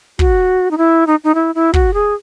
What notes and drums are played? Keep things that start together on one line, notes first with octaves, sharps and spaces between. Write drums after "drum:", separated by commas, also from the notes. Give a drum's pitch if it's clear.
F#4, drum: kick
D#4
E4
D#4
D#4
E4
E4
F#4, drum: kick
G#4